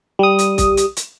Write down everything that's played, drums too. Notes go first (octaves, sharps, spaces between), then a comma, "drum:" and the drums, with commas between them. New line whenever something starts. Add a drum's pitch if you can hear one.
G3 D#6
drum: hi-hat
drum: kick, hi-hat
drum: hi-hat
drum: hi-hat